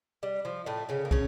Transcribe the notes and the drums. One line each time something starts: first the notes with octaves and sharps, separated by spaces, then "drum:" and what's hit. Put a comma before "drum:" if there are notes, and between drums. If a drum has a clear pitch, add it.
G3
F3
A2 A3
C#3 C#4
A#3
C#3 C#4, drum: kick